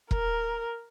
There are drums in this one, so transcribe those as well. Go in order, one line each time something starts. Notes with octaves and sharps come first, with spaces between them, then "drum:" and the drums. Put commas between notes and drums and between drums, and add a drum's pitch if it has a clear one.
A#4, drum: kick E1